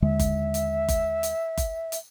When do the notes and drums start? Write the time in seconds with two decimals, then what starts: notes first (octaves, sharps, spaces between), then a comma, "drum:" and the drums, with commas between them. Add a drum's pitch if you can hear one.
0.02 D#2 D3 G#3 E5
0.19 drum: kick F#1, hi-hat
0.54 drum: hi-hat
0.88 drum: kick F#1, hi-hat
1.23 drum: hi-hat
1.57 drum: kick F#1, hi-hat
1.92 drum: hi-hat